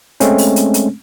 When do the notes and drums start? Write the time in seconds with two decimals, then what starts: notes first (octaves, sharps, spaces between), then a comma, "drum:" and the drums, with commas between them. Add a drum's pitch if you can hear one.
0.20 G#3 A3 C4 C#4, drum: hi-hat
0.38 drum: open hi-hat
0.56 drum: hi-hat
0.74 drum: hi-hat